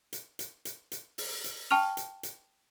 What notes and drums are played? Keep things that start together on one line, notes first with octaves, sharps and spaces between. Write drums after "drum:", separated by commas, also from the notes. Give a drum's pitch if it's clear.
drum: hi-hat
drum: hi-hat
drum: hi-hat
drum: hi-hat
drum: open hi-hat
drum: hi-hat
G5 A5 C#6 F6 F7
drum: hi-hat
drum: hi-hat